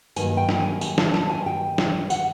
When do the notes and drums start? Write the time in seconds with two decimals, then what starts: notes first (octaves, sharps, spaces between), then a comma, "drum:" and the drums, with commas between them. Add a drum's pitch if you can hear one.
0.16 G2 D#3 F#3 A#3 G#5, drum: tambourine
0.37 G5
0.49 drum: snare
0.60 G#5
0.81 G#5, drum: tambourine
0.98 A5, drum: snare
1.14 A5, drum: snare
1.30 G#5
1.46 G5
1.78 drum: snare
2.10 F#5, drum: tambourine